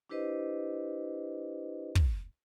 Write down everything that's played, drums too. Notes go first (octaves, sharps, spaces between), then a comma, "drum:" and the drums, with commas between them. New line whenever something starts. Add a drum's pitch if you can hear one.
D4 E4 G4 B4 C5 D#5
drum: kick